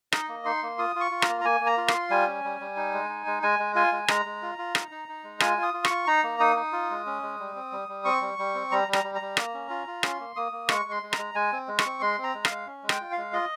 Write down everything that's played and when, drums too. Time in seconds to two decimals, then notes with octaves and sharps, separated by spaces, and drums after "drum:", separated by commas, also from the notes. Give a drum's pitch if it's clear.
0.12 D#4 D#5, drum: rim click
0.28 A#3
0.45 D#4 C6
0.62 A#3
0.78 F4 D#6
0.96 F4 C#6
1.11 F4
1.22 A#5, drum: rim click
1.28 A#3
1.41 A#5
1.44 A#3 G#5
1.61 A#3
1.66 A#5
1.77 F4
1.88 C6, drum: rim click
1.94 F4
2.10 G3 G#5
2.27 C#4
2.44 G3
2.60 G3
2.77 D#4
2.93 G#3
3.09 D#4
3.26 G#3
3.43 G#3 G#5
3.59 G#3
3.75 F4 G#5
3.92 G#3
4.08 G#3 A#5, drum: rim click
4.25 G#3
4.42 F4
4.58 F4
4.75 D#4, drum: rim click
4.91 D#4
5.08 D#4
5.24 G#3
5.40 F4 G#5, drum: rim click
5.57 F4
5.63 D#6
5.74 F4
5.85 C#6, drum: rim click
5.90 F4
6.07 D#4 A#5
6.23 A#3
6.40 D#4 D#6
6.56 D#4
6.72 F4
6.90 G#3
7.06 C#4
7.23 G#3
7.39 G3
7.56 C4
7.72 G3
7.88 G3
8.05 C4 C#6
8.21 G3
8.38 G3
8.55 C4
8.71 G3 A#5
8.88 G3
8.93 A#5, drum: rim click
9.04 G3
9.15 A#5
9.21 G3
9.37 A#3, drum: rim click
9.54 C#4
9.70 F4
9.87 F4
10.03 C#4 C6, drum: rim click
10.19 A#3
10.36 A#3 D#6
10.52 A#3
10.69 G#3 C#6, drum: rim click
10.85 G#3
10.91 C6
11.03 G#3
11.13 A#5, drum: rim click
11.18 G#3
11.35 G#3 G#5
11.52 C4
11.68 G#3
11.79 C#6, drum: rim click
11.85 C4
12.01 G#3 C6
12.18 C4
12.24 A#5
12.34 G#3
12.45 F5, drum: rim click
12.50 G#3
12.67 C#4
12.83 G#3
12.89 G5, drum: rim click
13.01 F4
13.12 F5
13.17 G#3
13.33 F4 D#5